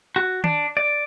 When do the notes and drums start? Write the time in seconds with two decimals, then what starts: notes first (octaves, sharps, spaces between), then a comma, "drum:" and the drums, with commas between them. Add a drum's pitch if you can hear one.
0.16 F#4
0.44 D4, drum: tom D#3
0.77 D5